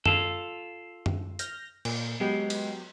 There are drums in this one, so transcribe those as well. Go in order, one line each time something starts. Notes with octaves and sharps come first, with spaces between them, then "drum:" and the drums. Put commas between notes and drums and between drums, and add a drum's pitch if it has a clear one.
F4 A4, drum: tom F#2
drum: tom F#2
F6 G6 A#6, drum: hi-hat
A#2, drum: cymbal
F#3 G#3 B3 G4
drum: cymbal